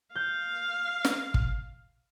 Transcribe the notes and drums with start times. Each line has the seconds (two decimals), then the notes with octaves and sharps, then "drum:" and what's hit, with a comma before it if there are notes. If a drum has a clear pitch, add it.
0.16 F5 G6
1.05 drum: snare
1.34 drum: kick